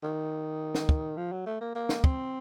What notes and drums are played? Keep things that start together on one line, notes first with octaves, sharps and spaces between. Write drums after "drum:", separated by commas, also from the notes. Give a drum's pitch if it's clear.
D#3
drum: snare
drum: kick
F3
F#3
A3
A#3
A#3
drum: snare
C4, drum: kick